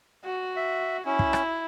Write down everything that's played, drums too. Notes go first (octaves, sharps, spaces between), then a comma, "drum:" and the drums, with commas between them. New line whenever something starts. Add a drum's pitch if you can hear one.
F#4
E5
C#4 E4
drum: kick
drum: rim click